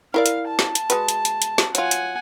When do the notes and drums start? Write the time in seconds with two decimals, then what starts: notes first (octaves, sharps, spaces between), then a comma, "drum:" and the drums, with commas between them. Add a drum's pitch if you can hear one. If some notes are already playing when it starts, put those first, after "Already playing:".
0.14 E4 A#4 D5 F5
0.26 drum: hi-hat
0.48 A5
0.59 drum: snare
0.75 drum: hi-hat
0.90 G#3 F#4 B4, drum: hi-hat
1.08 drum: hi-hat
1.25 drum: hi-hat
1.42 drum: hi-hat
1.58 drum: snare
1.75 F#3 F4 F#5 G#5, drum: hi-hat
1.91 drum: hi-hat